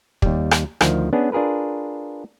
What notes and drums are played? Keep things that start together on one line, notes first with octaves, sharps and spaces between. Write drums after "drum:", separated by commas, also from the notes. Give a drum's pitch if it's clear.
D#2 G3, drum: kick
drum: rim click
D2 D#3 F3, drum: rim click
B3 C#4 D4 G#4
D4 F4 G#4 A#4 B4